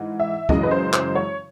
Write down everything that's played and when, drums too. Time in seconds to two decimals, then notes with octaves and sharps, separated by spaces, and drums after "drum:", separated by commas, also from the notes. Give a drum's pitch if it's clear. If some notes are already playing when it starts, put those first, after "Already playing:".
Already playing: G#2 E3
0.20 E5
0.49 F#2 C#3 E3 G#3 D#5, drum: kick
0.63 B4
0.71 C5
0.93 C5, drum: clap
1.15 C#5